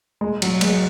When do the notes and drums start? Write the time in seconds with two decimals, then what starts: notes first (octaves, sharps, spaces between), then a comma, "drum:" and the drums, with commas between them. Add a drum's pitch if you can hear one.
0.21 G#3
0.42 F#3, drum: cymbal
0.61 G#3, drum: cymbal